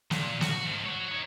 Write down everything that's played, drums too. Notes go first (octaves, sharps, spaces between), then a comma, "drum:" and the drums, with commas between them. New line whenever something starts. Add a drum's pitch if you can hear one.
A#2, drum: snare
F#4, drum: snare
G#2 F3
C#5 F#5
D#4 C#5